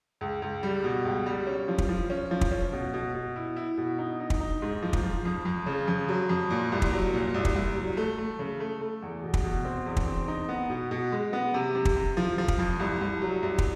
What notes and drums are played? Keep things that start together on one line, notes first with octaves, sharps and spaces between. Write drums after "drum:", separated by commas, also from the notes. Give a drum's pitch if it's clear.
C#2
C#2
G3
B2
C#2
G3
C#4
F3
drum: kick
F3
C#4
F3
drum: kick
C#4
B2
B2
B2
E4
E4
B2
D#4
D#4
drum: kick
D#4
G#2
F3
drum: kick
F3
F2
F2
C#3
F2
F#3
F2
A#2
C2
drum: kick
F#3
A#2
C2
drum: kick
C2
F#3
A3
A3
C#3
A3
A3
E2
B2
drum: kick
B2
C4
E2
drum: kick
C4
D#4
B3
B2
B2
G#3
B3
C3
C3
drum: kick
C3
F3
F3
drum: kick
F2
C2
C2
F#3
C2
drum: kick